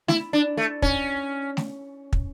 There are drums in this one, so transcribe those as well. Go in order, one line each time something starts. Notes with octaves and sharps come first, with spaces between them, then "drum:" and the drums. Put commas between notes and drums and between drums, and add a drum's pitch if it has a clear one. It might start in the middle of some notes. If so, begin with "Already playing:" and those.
E4, drum: snare A3
D4
A3
C#4, drum: kick
drum: snare A3
drum: kick